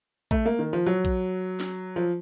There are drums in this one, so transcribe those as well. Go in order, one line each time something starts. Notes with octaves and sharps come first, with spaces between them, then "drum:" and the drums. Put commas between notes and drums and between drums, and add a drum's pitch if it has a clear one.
A3, drum: kick A#1
A#3
D#3
F3
F#3
drum: kick A#1
drum: snare
F3